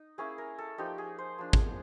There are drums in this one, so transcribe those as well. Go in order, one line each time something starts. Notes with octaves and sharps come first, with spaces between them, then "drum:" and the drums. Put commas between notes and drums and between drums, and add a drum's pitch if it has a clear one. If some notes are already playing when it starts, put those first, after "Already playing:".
Already playing: D#4
A#3 C#4 E4 G#4
A#4
A4
F3 A#3 D#4 G4
G#4
C5
F3 A#3 D4
drum: kick